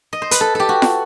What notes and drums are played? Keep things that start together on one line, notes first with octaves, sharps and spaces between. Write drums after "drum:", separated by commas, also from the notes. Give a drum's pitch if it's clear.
D#5
C5
B4, drum: hi-hat
A4
G4 A4
F#4
drum: snare